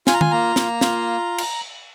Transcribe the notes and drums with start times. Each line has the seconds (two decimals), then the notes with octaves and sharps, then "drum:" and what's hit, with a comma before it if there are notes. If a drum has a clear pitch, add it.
0.07 F4 G#5, drum: snare
0.14 A#5
0.21 G#5, drum: tom
0.31 A#3 A#5
0.56 A#3, drum: snare
0.81 F4, drum: snare
1.38 drum: cymbal